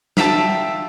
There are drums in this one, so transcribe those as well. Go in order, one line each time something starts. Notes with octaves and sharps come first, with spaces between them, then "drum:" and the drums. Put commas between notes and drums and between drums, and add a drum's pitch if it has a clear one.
F4 E5 G5 A5, drum: snare